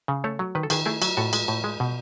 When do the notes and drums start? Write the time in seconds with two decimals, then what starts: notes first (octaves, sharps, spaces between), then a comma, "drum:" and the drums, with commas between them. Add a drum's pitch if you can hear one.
0.08 C#3
0.24 A3 A4 C#5
0.39 F#3
0.55 D#3 B4
0.63 A4
0.70 D#3 G#4 B4, drum: cymbal
0.86 A3 E4 G#4
1.02 F#3, drum: cymbal
1.17 A2 F#4 A4
1.33 G#3, drum: cymbal
1.48 A2
1.64 G#3
1.80 B2